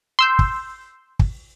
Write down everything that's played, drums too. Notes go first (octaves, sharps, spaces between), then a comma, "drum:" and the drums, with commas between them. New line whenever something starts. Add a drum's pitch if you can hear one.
C6 E6 G6
drum: kick
drum: kick